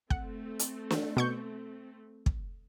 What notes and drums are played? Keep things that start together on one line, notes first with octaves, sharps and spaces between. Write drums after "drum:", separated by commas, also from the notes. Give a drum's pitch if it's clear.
A3 C4 F#5, drum: kick
drum: hi-hat
drum: snare
B2 C#6 G6
drum: kick